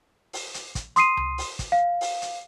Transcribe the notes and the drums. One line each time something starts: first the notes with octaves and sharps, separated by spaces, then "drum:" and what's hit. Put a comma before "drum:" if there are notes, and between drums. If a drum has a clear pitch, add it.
drum: open hi-hat
drum: hi-hat
drum: kick, hi-hat
C6 D#6 C7 D#7, drum: hi-hat
drum: tom C#2
drum: open hi-hat
drum: kick, hi-hat
F5
drum: open hi-hat
drum: hi-hat